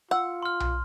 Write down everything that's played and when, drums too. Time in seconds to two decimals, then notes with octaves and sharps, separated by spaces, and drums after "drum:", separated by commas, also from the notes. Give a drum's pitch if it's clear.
0.11 F4 F#5 E6
0.43 C6 F6
0.60 drum: tom B1